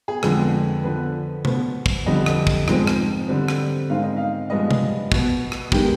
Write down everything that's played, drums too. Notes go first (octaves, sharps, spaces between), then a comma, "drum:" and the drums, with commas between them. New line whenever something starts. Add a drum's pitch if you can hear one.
G#4
F2 D3 G#3 B3, drum: rim click
D3 F3 B3 B4
B2 B3 C5, drum: tom C3
drum: kick
F2 D3 G3 D#5
drum: rim click
drum: kick
G#2 F3 G#3 C4, drum: rim click
drum: rim click
D3 G3 C4
drum: rim click
G#2 D#3 G#3 C4 F5
D#5
F5
G2 F3 G#3 B3 D#5
drum: tom C3
B2 B3, drum: kick
drum: rim click
D#3 G#3 B3 G4, drum: kick